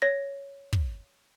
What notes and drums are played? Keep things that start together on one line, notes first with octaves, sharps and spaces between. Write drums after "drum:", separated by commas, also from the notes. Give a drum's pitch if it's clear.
C#5 A#6
drum: kick